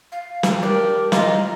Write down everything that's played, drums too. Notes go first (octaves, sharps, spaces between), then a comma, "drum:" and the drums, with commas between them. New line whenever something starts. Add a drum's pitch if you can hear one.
F5
drum: snare
D4 G4 A#4
F4 D#5 A#5, drum: snare